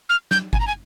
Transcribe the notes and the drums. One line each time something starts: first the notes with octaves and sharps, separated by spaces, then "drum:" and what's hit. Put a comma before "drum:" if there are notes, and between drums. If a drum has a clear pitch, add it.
F6
G6, drum: snare
G#5, drum: kick G1
A#5
G#5